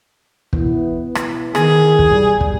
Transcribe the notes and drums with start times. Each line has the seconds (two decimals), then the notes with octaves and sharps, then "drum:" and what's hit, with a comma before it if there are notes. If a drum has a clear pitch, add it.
0.53 B2 E3 B3, drum: kick
1.15 drum: rim click
1.55 D#3 B3 G#4, drum: rim click
1.99 drum: kick
2.11 G3
2.41 drum: kick